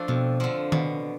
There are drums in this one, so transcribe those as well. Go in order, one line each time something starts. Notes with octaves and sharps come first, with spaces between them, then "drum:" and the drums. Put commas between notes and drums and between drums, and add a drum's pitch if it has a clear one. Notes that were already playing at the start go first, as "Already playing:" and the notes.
Already playing: F3 A3 D4
F2 B2
D3 F3
B2, drum: tom D#3